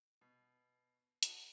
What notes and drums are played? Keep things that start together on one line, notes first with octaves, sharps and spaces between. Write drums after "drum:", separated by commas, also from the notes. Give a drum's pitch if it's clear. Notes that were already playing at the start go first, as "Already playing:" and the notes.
B2
D#4 F#4 A4, drum: hi-hat